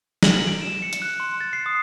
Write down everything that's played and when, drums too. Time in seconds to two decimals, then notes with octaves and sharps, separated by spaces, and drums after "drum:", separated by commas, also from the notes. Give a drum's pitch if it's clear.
0.23 F#7, drum: snare
0.36 F#7
0.48 D7
0.62 E7
0.82 C#7
0.93 drum: hi-hat
1.02 F#6
1.20 C6
1.41 A6
1.53 C7
1.66 D#6